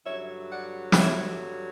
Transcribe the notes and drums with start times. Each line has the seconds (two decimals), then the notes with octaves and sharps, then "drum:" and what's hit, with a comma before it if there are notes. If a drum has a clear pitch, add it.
0.05 G2 D3 F#3 C#5 E5
0.52 D5 F#5
0.92 F#5, drum: snare
0.99 C#5 E5